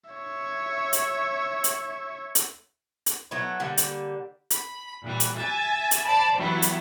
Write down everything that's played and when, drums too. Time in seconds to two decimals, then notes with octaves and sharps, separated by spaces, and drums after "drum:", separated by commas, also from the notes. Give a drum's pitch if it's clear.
0.11 C#5 E5
0.93 drum: hi-hat
1.64 drum: hi-hat
2.35 drum: hi-hat
3.06 drum: hi-hat
3.31 F#3 A3 B3 E4
3.60 D3 G3 A#3
3.77 drum: hi-hat
4.50 B5, drum: hi-hat
5.02 A#2 E3 G3
5.20 drum: hi-hat
5.38 E5 G#5 A6
5.91 drum: hi-hat
6.04 C5 D5 A5 B5
6.36 E3 F#3 G3 B3 E4
6.62 drum: hi-hat